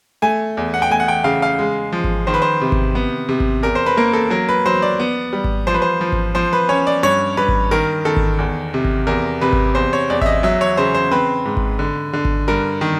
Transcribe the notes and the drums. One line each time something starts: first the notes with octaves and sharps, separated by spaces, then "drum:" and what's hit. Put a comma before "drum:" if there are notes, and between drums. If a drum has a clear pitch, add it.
A3 G#5
E2
F#5
G5
A3 G#5
F#5
G5
C#3 F5
F5
G#3
F3
drum: kick G#1
D#3 C5
B4
C5
C3
drum: kick G#1
B3
C3
drum: kick G#1
E2 A#4
C5
B4
A#3 A#4
A4
F#3 A#4
B4
F#3 C5
D5
B3
G3
drum: kick G#1
F3 C5
B4
C5
F3
drum: kick G#1
F3 C5
B4
C#4 C#5
D5
G2 C#5
G2 B4
drum: kick G#1
D#3 A#4
D#3 A4
drum: kick G#1
E2
C3
drum: kick G#1
E2 A#4
C3 B4
drum: kick G#1
E2 C5
C#5
E2 D5
E5, drum: kick G#1
D#5
F#3 E5
C#5
C#3 C5
C5
C4 B4
G#2
drum: kick G#1
D3
D3
drum: kick G#1
G2 A#4
D#3